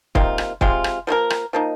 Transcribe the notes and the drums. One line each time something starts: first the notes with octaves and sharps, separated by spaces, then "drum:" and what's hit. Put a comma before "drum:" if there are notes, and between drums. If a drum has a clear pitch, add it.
C3 D#3 A#3 F4, drum: kick
drum: rim click
C3 G#3 F4, drum: kick
drum: rim click
F3 A#3 F4 A#4
drum: rim click
F3 A#3 D#4